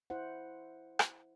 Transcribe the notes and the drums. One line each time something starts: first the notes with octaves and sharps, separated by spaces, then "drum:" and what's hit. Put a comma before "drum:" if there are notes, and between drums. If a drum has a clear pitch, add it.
E4 C5 F#5
drum: rim click